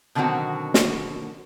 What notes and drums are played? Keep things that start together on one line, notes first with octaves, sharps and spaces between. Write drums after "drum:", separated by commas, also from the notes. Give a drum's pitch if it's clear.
B2 D3 D#3 F#3 C4 F#4
drum: snare